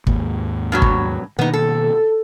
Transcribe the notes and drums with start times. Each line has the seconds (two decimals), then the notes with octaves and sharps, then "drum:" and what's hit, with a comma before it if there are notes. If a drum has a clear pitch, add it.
0.07 D#2 G#2 A#3, drum: kick
0.72 G2 B2 F#3
0.82 drum: kick
1.39 B2 D#3 A#3 B3 D#4
1.54 A4